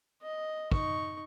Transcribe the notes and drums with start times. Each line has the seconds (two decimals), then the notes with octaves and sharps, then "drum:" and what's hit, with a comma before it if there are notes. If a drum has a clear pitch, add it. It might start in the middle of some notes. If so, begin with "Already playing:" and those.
0.22 D#5
0.72 D#4 C#6, drum: kick